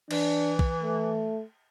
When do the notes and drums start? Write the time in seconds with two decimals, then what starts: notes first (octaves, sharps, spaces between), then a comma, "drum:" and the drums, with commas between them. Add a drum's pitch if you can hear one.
0.11 E3 D4, drum: cymbal
0.59 drum: kick
0.83 A3